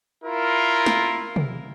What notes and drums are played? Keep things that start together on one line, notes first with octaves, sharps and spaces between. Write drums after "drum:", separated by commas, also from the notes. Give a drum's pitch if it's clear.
E4 F4 A#4
drum: snare
drum: tom